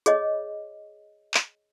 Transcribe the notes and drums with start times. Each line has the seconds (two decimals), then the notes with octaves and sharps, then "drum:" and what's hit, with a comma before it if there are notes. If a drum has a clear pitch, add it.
0.06 G#4 C#5 D#5, drum: hi-hat
1.34 drum: clap